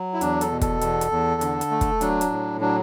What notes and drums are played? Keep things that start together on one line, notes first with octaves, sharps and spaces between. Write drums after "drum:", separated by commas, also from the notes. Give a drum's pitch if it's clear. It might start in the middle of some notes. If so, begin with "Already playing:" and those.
Already playing: F#3
E4
E2 D4, drum: hi-hat
A4, drum: hi-hat
B2
A4, drum: kick, hi-hat
E2, drum: hi-hat
drum: hi-hat
E2
D3, drum: hi-hat
drum: hi-hat
A3
drum: kick, hi-hat
F#3 D4, drum: hi-hat
drum: hi-hat
A2
F#3 D4